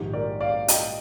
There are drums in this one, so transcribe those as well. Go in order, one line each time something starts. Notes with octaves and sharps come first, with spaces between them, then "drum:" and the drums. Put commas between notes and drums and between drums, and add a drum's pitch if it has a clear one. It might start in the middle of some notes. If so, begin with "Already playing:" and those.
Already playing: A#1 G#2 D#3 G4
A#4 D5
D5 F5
D#5 G5, drum: hi-hat